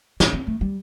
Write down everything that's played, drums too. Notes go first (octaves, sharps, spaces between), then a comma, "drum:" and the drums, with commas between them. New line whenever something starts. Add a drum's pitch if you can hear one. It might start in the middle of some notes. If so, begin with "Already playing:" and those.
B3, drum: snare
C4
A3
G3